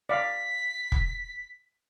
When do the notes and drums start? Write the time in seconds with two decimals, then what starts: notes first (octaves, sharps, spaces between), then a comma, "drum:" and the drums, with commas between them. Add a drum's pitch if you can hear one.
0.09 D5 F5 B6
0.92 drum: kick